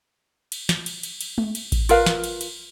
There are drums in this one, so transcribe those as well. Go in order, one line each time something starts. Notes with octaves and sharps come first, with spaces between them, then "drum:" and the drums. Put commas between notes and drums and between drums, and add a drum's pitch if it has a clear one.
drum: cymbal
drum: snare
drum: cymbal
drum: cymbal
drum: cymbal
drum: tom G#3
drum: cymbal
drum: kick A1, cymbal
F4 A#4 B4 F5, drum: cymbal
drum: snare
drum: cymbal
drum: cymbal